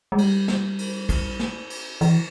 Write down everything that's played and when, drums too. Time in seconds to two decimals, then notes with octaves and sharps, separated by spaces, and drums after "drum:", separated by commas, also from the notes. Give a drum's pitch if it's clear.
0.12 G#3
0.18 G3, drum: cymbal
0.48 drum: snare
0.79 drum: cymbal
1.09 drum: kick A#1, cymbal
1.40 drum: snare
1.70 drum: cymbal
2.01 E3, drum: cymbal